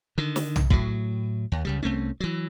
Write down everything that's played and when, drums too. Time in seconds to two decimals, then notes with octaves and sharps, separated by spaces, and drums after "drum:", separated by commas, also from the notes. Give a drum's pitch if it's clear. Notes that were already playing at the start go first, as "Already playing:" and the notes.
0.18 D3 D#3
0.36 drum: snare
0.56 drum: tom
0.70 A2 F#3, drum: kick
1.52 D#2
1.65 C#2 C#3 G3
1.83 C2 A3 C4 C#4
2.20 E3 F#3